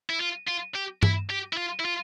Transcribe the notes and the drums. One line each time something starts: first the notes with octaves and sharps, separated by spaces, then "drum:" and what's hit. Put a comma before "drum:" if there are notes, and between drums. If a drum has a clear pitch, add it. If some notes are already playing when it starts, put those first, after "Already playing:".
E4
F4
F4
G4
E4, drum: tom G2
G4
E4
F4
E4
F4